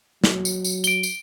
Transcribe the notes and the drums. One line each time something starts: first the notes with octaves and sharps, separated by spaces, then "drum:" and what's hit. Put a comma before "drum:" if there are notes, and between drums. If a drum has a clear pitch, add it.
F#3, drum: snare
drum: tambourine
drum: tambourine
D7 G7, drum: tambourine
drum: tambourine